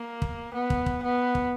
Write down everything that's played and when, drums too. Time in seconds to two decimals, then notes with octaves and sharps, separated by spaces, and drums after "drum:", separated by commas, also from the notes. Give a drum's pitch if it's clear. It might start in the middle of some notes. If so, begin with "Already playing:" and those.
Already playing: A#3
0.22 drum: kick
0.54 B3
0.70 drum: kick
0.86 drum: kick
1.03 B3
1.35 drum: kick